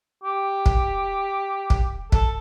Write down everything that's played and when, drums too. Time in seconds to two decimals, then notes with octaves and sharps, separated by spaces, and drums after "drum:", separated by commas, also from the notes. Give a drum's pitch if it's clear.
0.24 G4
0.66 drum: kick
1.70 drum: kick
2.12 A4, drum: kick